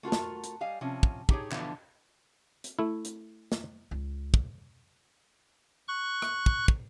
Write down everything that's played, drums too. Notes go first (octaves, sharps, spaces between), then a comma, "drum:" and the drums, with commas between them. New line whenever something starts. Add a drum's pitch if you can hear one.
A3 F4 F#4 A#4
drum: snare
drum: hi-hat
G3 D#5 F5 G#5
C3 F3 C#4
drum: kick
D#4 G4 G#4 C#5, drum: kick
B2 D3 E3 F3 B3, drum: clap
drum: hi-hat
A3 E4
drum: hi-hat
drum: snare
C#2
drum: kick
C#6 F#6
drum: rim click
drum: kick
drum: kick